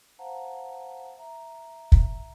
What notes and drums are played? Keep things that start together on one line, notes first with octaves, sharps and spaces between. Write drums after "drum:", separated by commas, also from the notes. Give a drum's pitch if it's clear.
C5 F5 F#5 A5 A#5
E5 A#5
drum: kick